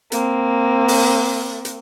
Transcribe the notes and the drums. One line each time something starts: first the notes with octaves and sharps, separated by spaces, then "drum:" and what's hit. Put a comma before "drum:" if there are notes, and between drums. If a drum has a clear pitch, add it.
A#3 C4, drum: hi-hat
drum: open hi-hat
drum: hi-hat